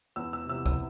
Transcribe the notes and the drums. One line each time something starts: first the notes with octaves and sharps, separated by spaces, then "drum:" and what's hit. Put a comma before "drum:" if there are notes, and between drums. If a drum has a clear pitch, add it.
E2 E6
E6
C3 E3 E6
E6, drum: kick